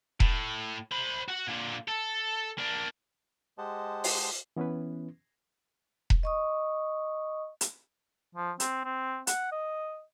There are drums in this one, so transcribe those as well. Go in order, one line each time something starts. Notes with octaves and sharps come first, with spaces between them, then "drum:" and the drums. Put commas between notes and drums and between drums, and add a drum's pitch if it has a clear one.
A2, drum: kick E1
C5 B5
F#4 F#5
A#2 D3
A4
A#3 D4
G#3 G4 C5 D#5 F#5 A5
drum: open hi-hat
E3 B3 C#4 E4 B4
drum: kick E1
D#5 C#6 D#6
drum: hi-hat
F3
C4, drum: hi-hat
C4
F#5, drum: hi-hat
D#5